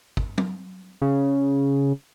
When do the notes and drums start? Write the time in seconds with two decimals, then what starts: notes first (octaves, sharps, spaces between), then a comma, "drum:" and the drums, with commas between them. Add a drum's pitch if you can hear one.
0.17 drum: kick
0.38 drum: tom F#3
1.02 C#3